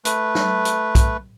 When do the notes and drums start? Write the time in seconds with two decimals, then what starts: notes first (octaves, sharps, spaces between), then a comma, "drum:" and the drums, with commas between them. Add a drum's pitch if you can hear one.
0.05 A3 B4, drum: hi-hat
0.35 drum: snare
0.65 drum: hi-hat
0.95 drum: kick B1, hi-hat